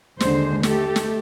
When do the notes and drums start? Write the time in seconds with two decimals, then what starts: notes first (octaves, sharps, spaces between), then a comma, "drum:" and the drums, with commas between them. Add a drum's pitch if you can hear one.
0.20 D#2 D3 G#3 C5, drum: snare
0.63 A3 G4 A4, drum: snare
0.96 drum: snare